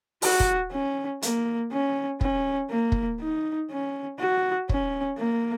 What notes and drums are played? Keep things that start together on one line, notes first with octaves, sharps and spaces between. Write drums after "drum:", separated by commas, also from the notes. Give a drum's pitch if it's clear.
F#4, drum: open hi-hat
drum: kick
C#4
A#3, drum: hi-hat
C#4
C#4, drum: kick
A#3
drum: kick
D#4
C#4
F#4
C#4, drum: kick
A#3